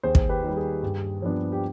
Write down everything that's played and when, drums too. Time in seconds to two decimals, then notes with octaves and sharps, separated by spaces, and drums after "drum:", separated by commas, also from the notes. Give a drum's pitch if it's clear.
0.03 D#2 G#4 C5
0.15 drum: kick
0.29 G4 B4
0.42 D#3 G3
0.57 G#4
0.83 G2
1.22 F3 B3 D4
1.52 G4